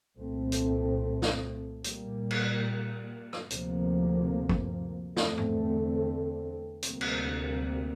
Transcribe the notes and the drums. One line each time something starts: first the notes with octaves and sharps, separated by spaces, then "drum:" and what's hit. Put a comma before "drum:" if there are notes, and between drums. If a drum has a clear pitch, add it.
C2 A#2 A3 C4
drum: hi-hat
drum: snare
A#2 G3 A#3, drum: hi-hat
drum: cymbal
drum: rim click
D2 C3 F3 A#3, drum: hi-hat
drum: kick
E2 D3 A3 C4, drum: snare
drum: tom
D2 C3 G3 A#3, drum: hi-hat
drum: cymbal